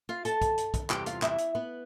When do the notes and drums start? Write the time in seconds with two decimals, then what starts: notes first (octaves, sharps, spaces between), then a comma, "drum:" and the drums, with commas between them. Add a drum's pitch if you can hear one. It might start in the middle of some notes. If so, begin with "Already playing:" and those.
0.09 F4 F5
0.25 A4 A5, drum: hi-hat
0.41 drum: kick, hi-hat
0.58 drum: hi-hat
0.74 drum: kick, hi-hat
0.90 E2 C3 G3 C4 G4 G5, drum: clap
1.06 F4 F5, drum: hi-hat
1.22 E4 E5, drum: clap
1.38 drum: hi-hat
1.55 B3 B4